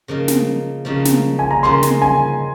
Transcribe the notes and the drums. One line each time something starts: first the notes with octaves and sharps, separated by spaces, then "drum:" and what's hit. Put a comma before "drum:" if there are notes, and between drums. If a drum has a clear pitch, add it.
C#3 F3 A#3 D#4 A#4
drum: snare
C#3 F3 A#3 D#4 A#4
drum: snare
G#5
A#5
C#3 F3 A#3 D#4 A#4 C6
drum: snare
G#5